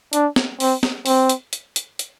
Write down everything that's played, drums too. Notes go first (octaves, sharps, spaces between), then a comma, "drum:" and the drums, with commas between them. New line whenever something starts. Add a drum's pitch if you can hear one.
D4, drum: hi-hat
drum: snare
C4, drum: open hi-hat
drum: snare
C4, drum: open hi-hat
drum: hi-hat
drum: hi-hat
drum: hi-hat
drum: hi-hat